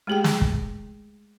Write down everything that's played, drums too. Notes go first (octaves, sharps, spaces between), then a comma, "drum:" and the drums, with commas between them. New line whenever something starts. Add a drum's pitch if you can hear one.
G#3 A3 G4 G#4 G5
drum: snare
drum: kick